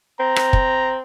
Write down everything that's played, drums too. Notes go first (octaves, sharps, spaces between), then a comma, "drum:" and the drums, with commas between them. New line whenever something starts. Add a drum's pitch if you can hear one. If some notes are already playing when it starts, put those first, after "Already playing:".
C4 A#5
drum: rim click
drum: kick